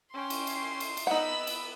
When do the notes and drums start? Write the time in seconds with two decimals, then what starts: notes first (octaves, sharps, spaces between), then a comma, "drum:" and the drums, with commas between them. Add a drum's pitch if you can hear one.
0.14 C#4 G5 C6
0.30 drum: cymbal
0.47 drum: cymbal
0.80 drum: cymbal
0.97 drum: cymbal
1.07 B3 D#4 F#5 B5 E6
1.47 drum: cymbal